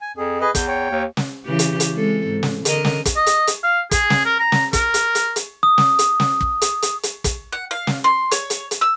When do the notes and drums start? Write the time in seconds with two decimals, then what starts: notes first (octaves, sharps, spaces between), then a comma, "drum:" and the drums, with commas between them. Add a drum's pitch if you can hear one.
0.01 G#5
0.17 F2 G#4
0.41 G#4 B4 D#5
0.55 E2 G6, drum: kick, hi-hat
0.68 C#5 G5
0.91 D#2
1.17 drum: snare
1.45 C#3 E3 G4
1.59 drum: hi-hat
1.80 drum: hi-hat
1.95 G#3 C4 A4
2.27 G#2
2.43 drum: snare
2.65 D3 A#4 D#5, drum: hi-hat
2.85 drum: snare
3.05 drum: kick, hi-hat
3.16 D#5
3.26 drum: hi-hat
3.47 drum: hi-hat
3.63 F5
3.91 G#4, drum: kick, hi-hat
4.10 drum: snare
4.25 A#4
4.39 A#5
4.52 drum: snare
4.73 A#4, drum: kick, hi-hat
4.94 drum: hi-hat
5.15 drum: hi-hat
5.36 drum: hi-hat
5.63 D#6
5.78 drum: snare
5.99 drum: hi-hat
6.20 drum: snare
6.41 drum: kick
6.61 drum: hi-hat
6.82 drum: hi-hat
7.03 drum: hi-hat
7.24 drum: kick, hi-hat
7.52 F#5
7.71 F5
7.87 drum: snare
8.04 C6
8.31 C#5, drum: hi-hat
8.50 drum: hi-hat
8.71 drum: hi-hat
8.81 E6